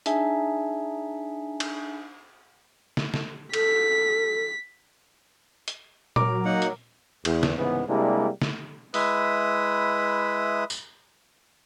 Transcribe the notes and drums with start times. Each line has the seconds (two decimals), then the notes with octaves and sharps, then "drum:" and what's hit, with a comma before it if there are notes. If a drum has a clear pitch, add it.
0.06 D4 D#4 G#4 E5 G#5, drum: hi-hat
1.60 drum: cymbal
2.97 drum: snare
3.14 drum: snare
3.53 A4 B6, drum: cymbal
5.68 drum: hi-hat
6.16 F#3 A#4 D6, drum: tom A#2
6.45 A#3 D#4 F#5
6.62 drum: hi-hat
7.25 E2, drum: cymbal
7.43 drum: snare
7.58 C2 G#2 C#3 E3 B3
7.88 C3 G3 G#3 A#3 D4 E4
8.42 drum: snare
8.94 G#3 E4 B4 E5 D#6, drum: open hi-hat
10.70 drum: tambourine